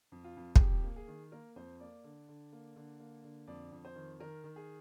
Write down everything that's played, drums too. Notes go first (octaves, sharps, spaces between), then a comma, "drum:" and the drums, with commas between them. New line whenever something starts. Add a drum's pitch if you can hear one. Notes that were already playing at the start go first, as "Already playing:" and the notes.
F2
F4
F2
G#4, drum: kick
F2 G4
A#3
G#4
D#3
A#3 A#4
F2 C5
A#3 D5
D3
D3
A#3
D3
A#3
D3
F2 D5
F2
C5
D#3
D#3 A#4
D#3
G#4